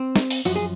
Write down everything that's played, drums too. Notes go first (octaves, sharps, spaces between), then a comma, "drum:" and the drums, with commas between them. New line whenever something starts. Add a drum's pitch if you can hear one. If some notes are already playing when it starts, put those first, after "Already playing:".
Already playing: C4
drum: snare
drum: open hi-hat
F#2 F3 F#4, drum: open hi-hat
G#4